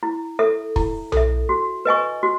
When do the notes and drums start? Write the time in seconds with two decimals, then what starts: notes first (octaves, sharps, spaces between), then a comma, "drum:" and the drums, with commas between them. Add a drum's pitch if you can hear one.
0.03 E4
0.39 A4 E5
0.76 E4, drum: kick
1.12 A4 E5, drum: tom B1
1.49 F#4
1.85 B4 D#5 G#5 C#6
2.23 F#4